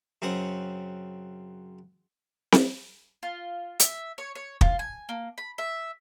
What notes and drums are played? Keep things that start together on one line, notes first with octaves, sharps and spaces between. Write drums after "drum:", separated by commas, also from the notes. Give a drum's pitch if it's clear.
F#2 C#3 C4 F#5
drum: snare C4
F4
E5, drum: hi-hat
C#5
C#5
F4, drum: kick
G#5
A#3
B5
E5